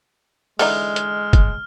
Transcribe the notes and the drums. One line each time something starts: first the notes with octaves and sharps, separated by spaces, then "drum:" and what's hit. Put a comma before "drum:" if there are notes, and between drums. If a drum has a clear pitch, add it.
D3 E3 G#3 D#4 F6, drum: open hi-hat
drum: hi-hat
drum: kick, hi-hat